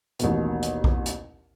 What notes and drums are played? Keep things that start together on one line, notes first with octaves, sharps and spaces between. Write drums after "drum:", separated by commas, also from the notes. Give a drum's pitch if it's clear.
A1 D#2 B2, drum: hi-hat
drum: hi-hat
drum: kick B1
drum: hi-hat